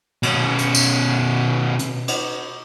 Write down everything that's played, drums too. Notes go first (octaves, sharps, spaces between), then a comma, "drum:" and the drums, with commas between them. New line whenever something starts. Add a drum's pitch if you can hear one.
B2 C#4, drum: cymbal
drum: hi-hat
drum: tambourine
drum: hi-hat
drum: cymbal